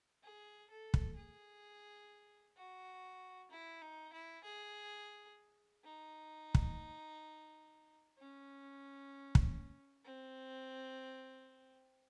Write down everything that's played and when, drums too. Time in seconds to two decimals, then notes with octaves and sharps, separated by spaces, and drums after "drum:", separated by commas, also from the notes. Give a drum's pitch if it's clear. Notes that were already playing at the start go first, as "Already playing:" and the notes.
0.24 G#4
0.70 A4
0.94 drum: kick
1.17 G#4
2.57 F#4
3.51 E4
3.82 D#4
4.13 E4
4.44 G#4
5.85 D#4
6.55 drum: kick
8.18 C#4
9.35 drum: kick
10.05 C4